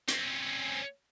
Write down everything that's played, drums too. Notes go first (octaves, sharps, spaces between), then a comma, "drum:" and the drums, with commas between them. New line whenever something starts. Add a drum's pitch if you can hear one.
C4 C#4, drum: hi-hat